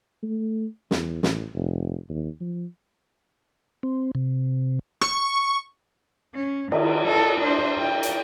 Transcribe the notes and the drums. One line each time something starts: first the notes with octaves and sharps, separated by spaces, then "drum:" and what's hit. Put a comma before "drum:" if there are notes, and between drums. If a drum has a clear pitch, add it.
A3
E2, drum: snare
A1, drum: snare
F1
D#2
F3
C4
C3
C#6, drum: rim click
C#4
D#3, drum: cymbal
A4
D4 C5
G5
drum: hi-hat